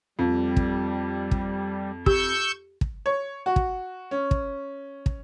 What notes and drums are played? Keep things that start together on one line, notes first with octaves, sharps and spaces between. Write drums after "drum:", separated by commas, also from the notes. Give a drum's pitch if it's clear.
F2 G3
drum: kick
drum: kick
G4 C#6 E6 G6, drum: kick
drum: kick
C#5
F#4
drum: kick
C#4
drum: kick
drum: kick